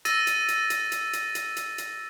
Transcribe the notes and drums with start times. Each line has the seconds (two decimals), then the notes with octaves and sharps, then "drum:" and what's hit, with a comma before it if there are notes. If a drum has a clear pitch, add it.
0.05 E6 A6 A#6 D#7, drum: hi-hat
0.27 drum: hi-hat
0.48 drum: hi-hat
0.70 drum: hi-hat
0.92 drum: hi-hat
1.13 drum: hi-hat
1.35 drum: hi-hat
1.57 drum: hi-hat
1.78 drum: hi-hat